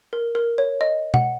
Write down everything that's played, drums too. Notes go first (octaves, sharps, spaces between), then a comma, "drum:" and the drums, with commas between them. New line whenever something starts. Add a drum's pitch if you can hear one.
A#4
A#4
C#5
D#5
F#5, drum: tom B2